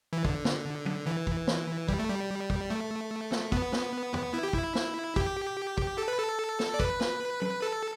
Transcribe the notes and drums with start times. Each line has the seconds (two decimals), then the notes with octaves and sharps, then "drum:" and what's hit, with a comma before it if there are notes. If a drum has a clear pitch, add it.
0.13 E3
0.25 D3, drum: kick
0.45 drum: snare
0.86 drum: tom
1.07 E3
1.27 drum: kick
1.47 drum: snare
1.89 G3, drum: kick
1.99 A3
2.10 G3
2.50 drum: kick
2.70 A3
3.32 drum: snare
3.52 B3, drum: kick
3.73 drum: snare
4.14 drum: tom
4.34 E4
4.43 G4
4.53 E4, drum: kick
4.75 drum: snare
5.16 G4, drum: kick
5.78 drum: kick
5.98 A4
6.08 B4
6.19 A4
6.60 drum: snare
6.74 D5
6.80 B4, drum: kick
7.01 drum: snare
7.41 drum: tom
7.62 A4